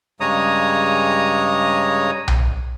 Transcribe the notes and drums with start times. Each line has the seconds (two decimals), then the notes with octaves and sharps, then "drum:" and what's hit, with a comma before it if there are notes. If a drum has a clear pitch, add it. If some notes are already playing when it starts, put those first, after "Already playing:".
0.20 G2 C#3 G#3 C#5 A#5 D#6
2.28 drum: tom B1